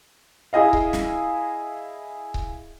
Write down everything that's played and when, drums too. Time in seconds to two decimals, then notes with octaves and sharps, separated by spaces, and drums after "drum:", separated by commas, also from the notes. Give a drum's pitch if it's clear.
0.53 E4 G#4 D#5 F5
0.73 drum: kick C#1
0.93 drum: snare
2.34 drum: kick C#1